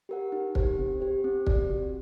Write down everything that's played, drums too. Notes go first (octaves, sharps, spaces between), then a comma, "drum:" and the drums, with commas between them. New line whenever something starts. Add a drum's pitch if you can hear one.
G4 A#4 F#5
D#4
G4 C5, drum: kick
C4
G4 C5
C4
G4 D5, drum: kick
F#4